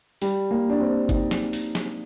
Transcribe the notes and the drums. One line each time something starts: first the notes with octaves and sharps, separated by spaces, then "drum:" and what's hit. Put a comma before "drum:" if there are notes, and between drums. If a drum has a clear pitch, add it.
G3, drum: open hi-hat
A#3
D4
C4
D#4, drum: kick G#1, hi-hat
drum: snare
drum: open hi-hat
drum: snare